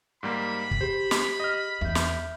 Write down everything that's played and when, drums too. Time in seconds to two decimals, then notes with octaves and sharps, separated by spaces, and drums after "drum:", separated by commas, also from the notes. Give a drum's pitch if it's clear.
0.23 G#2 G3 A#3 B5
0.71 drum: kick
0.81 G4 G#4 C5
1.11 drum: snare
1.40 D#5 F6
1.81 E2 E5 G6
1.95 drum: snare